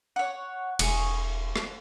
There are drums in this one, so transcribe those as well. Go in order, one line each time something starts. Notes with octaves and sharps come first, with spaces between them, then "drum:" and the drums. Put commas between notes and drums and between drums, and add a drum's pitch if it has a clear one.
C#5 F#5
E1 G#4 C#6, drum: cymbal
drum: rim click